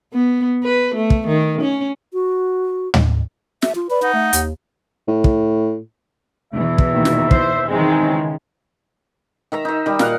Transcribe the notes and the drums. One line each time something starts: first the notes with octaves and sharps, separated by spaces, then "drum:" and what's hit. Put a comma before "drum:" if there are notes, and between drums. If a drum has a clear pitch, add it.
B3
B4
A3
drum: kick
D#3
C#4
F#4
drum: tom
E5, drum: snare
F4
B4 D5
D#4 F#5
A3
D#2, drum: hi-hat
A2
drum: kick
E2 B2 E3 E5
drum: kick
A#2 D#3
drum: snare
C5, drum: kick
D#3 E3 G#3 C4
C#3
D#3 E5 A#5
D#4 E5
D#3 G3
A#2 A#4 F5 F#5, drum: snare